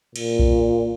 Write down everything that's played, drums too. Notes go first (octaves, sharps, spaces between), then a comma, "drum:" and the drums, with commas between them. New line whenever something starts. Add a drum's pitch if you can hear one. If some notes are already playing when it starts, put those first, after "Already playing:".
A#2, drum: cymbal
drum: kick B1